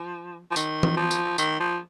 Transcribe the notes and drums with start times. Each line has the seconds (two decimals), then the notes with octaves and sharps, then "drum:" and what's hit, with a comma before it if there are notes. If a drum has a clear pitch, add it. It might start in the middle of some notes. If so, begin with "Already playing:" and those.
Already playing: F3
0.51 F3
0.56 D#3, drum: tambourine
0.83 drum: tom E3
0.96 F3
1.11 drum: tambourine
1.38 D#3, drum: tambourine
1.60 F3